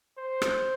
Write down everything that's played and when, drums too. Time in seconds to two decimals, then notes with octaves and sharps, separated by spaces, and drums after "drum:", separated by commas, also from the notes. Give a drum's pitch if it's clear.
0.18 C5
0.42 drum: rim click